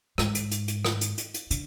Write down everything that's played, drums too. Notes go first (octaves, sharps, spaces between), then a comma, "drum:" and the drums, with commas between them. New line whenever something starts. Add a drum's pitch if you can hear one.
G#2, drum: rim click
drum: hi-hat
drum: hi-hat
drum: hi-hat
drum: rim click
drum: hi-hat
drum: hi-hat
drum: hi-hat
D3, drum: hi-hat